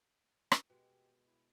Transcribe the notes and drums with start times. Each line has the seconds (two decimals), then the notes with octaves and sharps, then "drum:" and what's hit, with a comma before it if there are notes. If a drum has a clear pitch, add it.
0.52 drum: rim click
0.70 B2 G#3 G4
1.25 E4